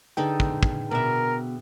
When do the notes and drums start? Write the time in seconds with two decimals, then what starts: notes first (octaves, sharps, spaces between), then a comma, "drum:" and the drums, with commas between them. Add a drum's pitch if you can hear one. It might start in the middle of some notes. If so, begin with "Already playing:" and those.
0.17 D3 D#4 G#4 A4 B4 G5
0.40 drum: kick
0.63 drum: kick
0.91 B2 A#4 D5 E5